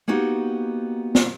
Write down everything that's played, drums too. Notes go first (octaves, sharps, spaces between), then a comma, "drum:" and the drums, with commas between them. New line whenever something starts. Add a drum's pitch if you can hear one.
A#3 B3 D#4 F#4 G4
drum: snare